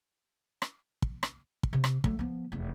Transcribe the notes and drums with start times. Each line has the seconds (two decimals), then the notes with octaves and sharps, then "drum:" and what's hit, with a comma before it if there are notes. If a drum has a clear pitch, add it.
0.62 drum: rim click
1.02 drum: kick
1.23 drum: rim click
1.63 drum: kick
1.73 C3
1.84 drum: rim click
2.04 F#3 A3, drum: kick
2.19 F3 B3
2.52 F1 E2